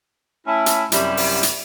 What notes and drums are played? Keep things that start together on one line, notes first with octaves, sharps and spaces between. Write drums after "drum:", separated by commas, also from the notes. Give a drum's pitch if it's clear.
A3 C#4 E4
drum: hi-hat
F#2 C3 G3 E4, drum: hi-hat
drum: open hi-hat
drum: hi-hat